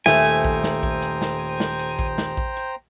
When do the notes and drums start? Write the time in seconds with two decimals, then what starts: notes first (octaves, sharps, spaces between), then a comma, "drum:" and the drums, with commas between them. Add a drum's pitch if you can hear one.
0.06 D#1 A3 C5 E5 G5 G#5 A#5, drum: snare
0.25 drum: hi-hat
0.44 drum: kick A#1
0.64 drum: snare
0.83 drum: kick A#1
1.02 drum: hi-hat
1.22 drum: snare
1.60 drum: snare
1.80 drum: hi-hat
1.99 drum: kick A#1
2.18 drum: snare
2.37 drum: kick A#1
2.57 drum: hi-hat